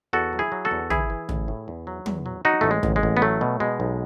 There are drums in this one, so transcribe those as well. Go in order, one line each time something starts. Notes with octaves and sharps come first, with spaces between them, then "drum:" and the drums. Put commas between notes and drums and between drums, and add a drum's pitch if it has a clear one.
E2 F#4 A4
F#3
E4 G#4
F#3
F#4 A4
E2
E3 E4 G#4, drum: tom
E3
A1, drum: tom
A2
E2
F#3
E2, drum: tom
F#3
F#3 D#4 F#4
A1 A3
G#3
A1, drum: tom
G#3
A1
B3
F#3 A3
B2
B2 G#3
B1